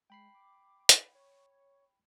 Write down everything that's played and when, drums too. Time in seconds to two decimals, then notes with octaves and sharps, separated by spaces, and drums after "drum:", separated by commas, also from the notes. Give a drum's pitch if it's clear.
0.10 G#3 G5 B5 C7
0.34 D6
0.89 drum: hi-hat
1.14 C#5